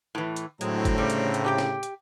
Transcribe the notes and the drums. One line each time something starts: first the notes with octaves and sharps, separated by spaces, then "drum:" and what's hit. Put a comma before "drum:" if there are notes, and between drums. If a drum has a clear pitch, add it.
A2 E3
drum: hi-hat
A2 D3 F#3 G#3 C4 A#5, drum: hi-hat
drum: kick, hi-hat
C#3 G3
drum: hi-hat
drum: hi-hat
D4 G4 G5
drum: snare
drum: hi-hat